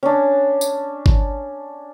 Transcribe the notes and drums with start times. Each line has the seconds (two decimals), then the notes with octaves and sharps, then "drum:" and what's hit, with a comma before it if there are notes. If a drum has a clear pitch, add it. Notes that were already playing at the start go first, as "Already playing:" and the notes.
0.03 C#4 D4
0.61 drum: tambourine
1.06 drum: kick G#1